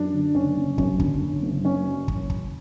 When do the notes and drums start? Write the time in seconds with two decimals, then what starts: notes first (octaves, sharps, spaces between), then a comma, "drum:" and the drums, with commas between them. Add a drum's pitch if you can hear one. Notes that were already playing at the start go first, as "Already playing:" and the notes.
Already playing: F#2 D4
0.13 D3
0.35 F#1 C#4
0.56 F#1
0.78 F#2 C#4, drum: kick
1.00 D3, drum: kick
1.22 F#1
1.43 F#1
1.64 F#2 C#4
2.08 drum: kick
2.30 drum: kick